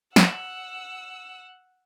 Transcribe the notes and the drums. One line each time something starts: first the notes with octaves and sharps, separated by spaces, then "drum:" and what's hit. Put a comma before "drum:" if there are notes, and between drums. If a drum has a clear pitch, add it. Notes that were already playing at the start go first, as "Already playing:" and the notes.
F#5 E6, drum: snare